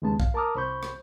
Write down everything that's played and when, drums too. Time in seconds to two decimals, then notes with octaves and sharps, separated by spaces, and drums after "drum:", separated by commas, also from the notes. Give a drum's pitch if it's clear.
0.02 D#2 C#3 G#3 B3 A5
0.20 F5, drum: kick
0.34 A#4 A5 A#5 D6 D#6 F6
0.55 C2 C5 B5 C#6 G6
0.83 drum: rim click